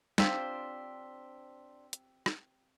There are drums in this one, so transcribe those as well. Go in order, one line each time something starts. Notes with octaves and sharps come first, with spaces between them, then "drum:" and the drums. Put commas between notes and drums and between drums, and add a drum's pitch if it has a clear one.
C4 D4 F4 G4 C5 C6 E6 B6, drum: snare
drum: hi-hat
drum: rim click